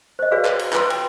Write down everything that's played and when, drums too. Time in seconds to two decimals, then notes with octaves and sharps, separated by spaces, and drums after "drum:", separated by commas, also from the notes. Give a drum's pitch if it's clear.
0.19 C5 D#5
0.31 F#4 G#4 B4 C#5 D5 F5
0.45 B4, drum: clap
0.59 drum: cymbal
0.73 F4 B4 C6, drum: clap
0.90 G5, drum: cymbal